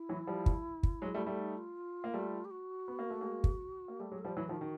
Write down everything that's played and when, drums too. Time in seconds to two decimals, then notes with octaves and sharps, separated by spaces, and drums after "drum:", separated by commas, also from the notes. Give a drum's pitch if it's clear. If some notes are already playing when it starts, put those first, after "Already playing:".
Already playing: E4
0.09 E3 F#3
0.27 F3 G3
0.46 drum: kick
0.83 drum: kick
1.02 F#3 G#3
1.14 G3 A3
1.26 G3 A3
1.39 D#4
1.57 F4
2.04 A#3
2.14 G3 A3
2.45 G4
2.51 F#4
2.88 B3
2.99 A#3
3.10 A3
3.21 G#3 A#3
3.44 drum: kick
3.88 A#3
4.00 G3 A3 G4
4.12 F#3 G#3
4.19 A4
4.24 F3 G3
4.28 C5
4.36 E3 F#3 B4
4.49 D#3 F3 F4
4.56 F#4
4.61 D#3